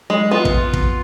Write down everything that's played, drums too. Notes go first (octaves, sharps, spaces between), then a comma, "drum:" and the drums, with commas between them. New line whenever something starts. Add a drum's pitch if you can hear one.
G#3
B3 F4
drum: kick
drum: kick